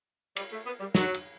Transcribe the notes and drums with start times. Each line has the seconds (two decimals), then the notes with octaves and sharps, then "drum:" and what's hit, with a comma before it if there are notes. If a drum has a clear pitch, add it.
0.36 G3, drum: cymbal
0.51 A3
0.65 B3
0.80 G3
0.95 F#3, drum: snare
1.14 drum: cymbal